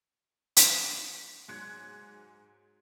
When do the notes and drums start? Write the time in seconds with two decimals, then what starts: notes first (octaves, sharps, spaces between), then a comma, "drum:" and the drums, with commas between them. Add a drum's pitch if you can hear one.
0.57 drum: hi-hat
1.48 G#2 F#3 C6 F#6 G#6 C#7